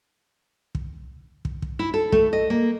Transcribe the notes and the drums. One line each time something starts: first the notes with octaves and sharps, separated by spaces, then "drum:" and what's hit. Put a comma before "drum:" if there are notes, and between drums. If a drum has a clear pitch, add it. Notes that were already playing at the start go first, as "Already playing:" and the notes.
drum: kick
drum: kick
drum: kick
E4
A4
A3, drum: kick
D#5
A#3